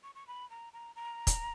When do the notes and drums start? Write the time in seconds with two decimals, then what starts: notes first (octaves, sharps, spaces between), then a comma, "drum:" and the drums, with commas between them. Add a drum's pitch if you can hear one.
0.03 C#6
0.15 C#6
0.27 B5
0.50 A#5
0.73 A#5
0.96 A#5
1.27 drum: kick, hi-hat